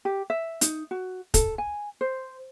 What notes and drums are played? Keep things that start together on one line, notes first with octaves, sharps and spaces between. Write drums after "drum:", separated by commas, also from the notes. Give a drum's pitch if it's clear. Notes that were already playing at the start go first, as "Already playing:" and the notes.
G4
E5
D#4, drum: hi-hat
F#4
A4, drum: kick, hi-hat
G#5
C5